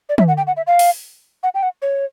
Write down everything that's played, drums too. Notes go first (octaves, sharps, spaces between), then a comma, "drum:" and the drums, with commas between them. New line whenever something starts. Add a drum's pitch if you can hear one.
D5
E5, drum: tom
F#5
G5
F#5
E5
F5
drum: open hi-hat
F#5
G5
F#5
C#5